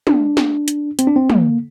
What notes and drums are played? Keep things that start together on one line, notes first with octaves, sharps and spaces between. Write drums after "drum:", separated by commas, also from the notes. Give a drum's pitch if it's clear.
D4, drum: tom
drum: snare
drum: hi-hat
C4, drum: hi-hat
D4
C4
A#3, drum: tom